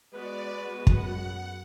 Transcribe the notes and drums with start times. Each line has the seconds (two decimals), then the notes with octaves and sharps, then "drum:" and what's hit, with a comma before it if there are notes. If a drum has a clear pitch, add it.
0.13 G#3 B3 F#4 B4 D5
0.87 F#2 F#5, drum: kick